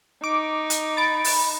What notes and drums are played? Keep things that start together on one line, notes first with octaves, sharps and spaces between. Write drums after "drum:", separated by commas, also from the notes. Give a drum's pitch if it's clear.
D#4 D6
drum: hi-hat
B5 A6 D7
drum: open hi-hat